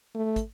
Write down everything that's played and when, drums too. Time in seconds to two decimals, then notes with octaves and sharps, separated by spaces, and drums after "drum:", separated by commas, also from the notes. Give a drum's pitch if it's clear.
0.15 A3
0.36 drum: kick, hi-hat